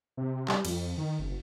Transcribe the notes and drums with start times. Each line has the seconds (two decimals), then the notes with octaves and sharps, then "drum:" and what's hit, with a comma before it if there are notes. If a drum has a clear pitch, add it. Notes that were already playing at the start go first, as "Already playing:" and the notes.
0.17 C3
0.48 G3, drum: clap
0.65 F2, drum: cymbal
0.98 D#3
1.19 F#1